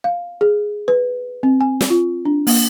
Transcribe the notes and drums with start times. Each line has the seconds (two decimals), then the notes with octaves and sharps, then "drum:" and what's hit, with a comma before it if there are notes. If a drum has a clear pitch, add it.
0.04 F5
0.41 G#4
0.88 B4
1.43 C4
1.61 G#5
1.81 drum: snare
1.90 F4
2.25 D4
2.47 A#3, drum: open hi-hat